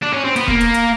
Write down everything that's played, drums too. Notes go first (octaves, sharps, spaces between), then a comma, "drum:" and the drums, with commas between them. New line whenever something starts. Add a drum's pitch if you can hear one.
D4
C#4
C4
B3, drum: hi-hat
A#3, drum: kick
drum: hi-hat
drum: hi-hat